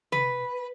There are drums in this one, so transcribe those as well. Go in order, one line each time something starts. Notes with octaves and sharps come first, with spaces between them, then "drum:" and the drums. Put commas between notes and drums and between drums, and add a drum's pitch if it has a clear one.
B4, drum: tom C3